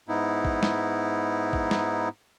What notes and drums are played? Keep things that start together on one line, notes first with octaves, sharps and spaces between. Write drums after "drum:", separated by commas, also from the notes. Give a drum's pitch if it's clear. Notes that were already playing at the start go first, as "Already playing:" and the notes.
G#2 B3 D#4 E4
drum: kick
drum: snare
drum: kick
drum: snare